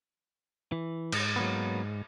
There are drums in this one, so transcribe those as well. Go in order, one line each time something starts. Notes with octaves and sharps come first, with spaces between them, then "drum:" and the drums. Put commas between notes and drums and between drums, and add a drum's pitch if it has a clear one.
E3
G#2, drum: cymbal
F#3 A#3 B3